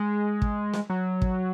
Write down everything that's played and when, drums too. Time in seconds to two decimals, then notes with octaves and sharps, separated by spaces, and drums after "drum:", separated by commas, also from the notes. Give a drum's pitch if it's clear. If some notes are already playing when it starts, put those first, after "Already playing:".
Already playing: G#3
0.42 drum: kick
0.74 drum: snare
0.90 F#3
1.22 drum: kick